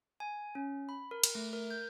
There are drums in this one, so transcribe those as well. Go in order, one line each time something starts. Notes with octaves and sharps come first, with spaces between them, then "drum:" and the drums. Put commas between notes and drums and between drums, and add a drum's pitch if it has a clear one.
G#5
C#4
B5
A#4
drum: cymbal
A3
A#4
G6